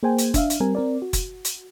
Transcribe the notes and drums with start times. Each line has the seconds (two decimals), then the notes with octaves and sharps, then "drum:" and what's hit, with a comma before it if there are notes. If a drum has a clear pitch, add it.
0.03 A#3 G#4 C5 G5 G#5
0.18 drum: hi-hat
0.34 D4 E5 F5, drum: kick, hi-hat
0.50 drum: hi-hat
0.60 G3 C4 A#4 G#5
0.75 C4 A#4 D5
1.02 F#4
1.13 drum: kick, hi-hat
1.45 drum: hi-hat